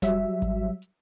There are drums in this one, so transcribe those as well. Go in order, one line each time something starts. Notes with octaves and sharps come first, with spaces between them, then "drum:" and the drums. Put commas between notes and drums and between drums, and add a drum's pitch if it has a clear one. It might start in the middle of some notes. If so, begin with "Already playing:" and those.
F#3 G3 E5, drum: snare F1
drum: kick G#1, hi-hat
drum: hi-hat